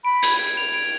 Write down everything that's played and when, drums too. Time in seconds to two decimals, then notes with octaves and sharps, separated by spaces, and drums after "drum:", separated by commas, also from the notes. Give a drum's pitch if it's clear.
0.04 B5 D7
0.23 G#6, drum: hi-hat
0.39 G#6
0.57 F7
0.74 D7